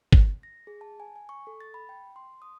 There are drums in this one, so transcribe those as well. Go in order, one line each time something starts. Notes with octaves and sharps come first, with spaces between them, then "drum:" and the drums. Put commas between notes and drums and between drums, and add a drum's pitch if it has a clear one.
drum: kick
A#6
G#4
A5
G#5
G#5
C#6
A4
A6
B5
G5
C6
D#6